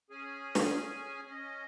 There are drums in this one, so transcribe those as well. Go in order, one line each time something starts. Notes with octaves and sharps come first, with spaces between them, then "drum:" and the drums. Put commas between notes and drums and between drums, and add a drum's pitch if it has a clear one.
C#4 G#4 G#5
drum: snare
C#4 D#5